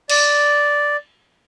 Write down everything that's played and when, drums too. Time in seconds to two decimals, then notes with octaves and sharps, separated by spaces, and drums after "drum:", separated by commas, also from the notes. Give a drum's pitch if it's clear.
0.10 D5, drum: cymbal